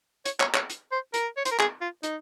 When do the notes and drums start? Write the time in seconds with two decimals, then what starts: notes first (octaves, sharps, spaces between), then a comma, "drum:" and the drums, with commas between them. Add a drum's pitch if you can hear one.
0.25 C#5, drum: hi-hat
0.40 C#5, drum: clap
0.54 C#5, drum: clap
0.70 drum: hi-hat
0.92 C5
1.14 A#4, drum: hi-hat
1.37 C#5
1.45 C5, drum: hi-hat
1.51 A#4
1.59 G#4, drum: clap
1.82 F4
2.03 D#4, drum: hi-hat